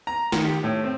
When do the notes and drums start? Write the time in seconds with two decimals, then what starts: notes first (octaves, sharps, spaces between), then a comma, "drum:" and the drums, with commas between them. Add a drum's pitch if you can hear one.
0.07 A#5
0.32 D#3, drum: snare
0.45 G4
0.64 A2
0.84 C4